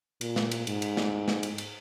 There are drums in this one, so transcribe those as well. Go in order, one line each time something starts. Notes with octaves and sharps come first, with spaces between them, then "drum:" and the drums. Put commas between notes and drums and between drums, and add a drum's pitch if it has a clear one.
A#2, drum: cymbal
drum: snare
drum: cymbal
G#2, drum: cymbal
drum: cymbal
drum: snare
drum: snare
drum: cymbal
drum: cymbal